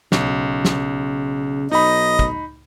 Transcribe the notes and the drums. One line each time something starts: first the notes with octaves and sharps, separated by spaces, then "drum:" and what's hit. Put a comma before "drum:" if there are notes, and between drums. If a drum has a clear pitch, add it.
B1 C#3, drum: snare
drum: snare
B1 D#4 D#5 B5
drum: kick